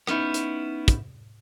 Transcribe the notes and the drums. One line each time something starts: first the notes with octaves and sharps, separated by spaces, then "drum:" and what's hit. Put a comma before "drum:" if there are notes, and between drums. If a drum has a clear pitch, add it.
B3 C#4 D#4 E4, drum: rim click
drum: hi-hat
drum: kick, hi-hat